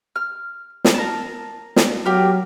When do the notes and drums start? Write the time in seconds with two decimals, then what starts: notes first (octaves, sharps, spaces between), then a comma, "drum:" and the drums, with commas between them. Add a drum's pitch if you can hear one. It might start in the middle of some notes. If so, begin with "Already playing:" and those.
0.16 F6
0.85 drum: snare
0.94 A#4 A5
1.76 drum: snare
2.05 F#3 G4 A#4 F5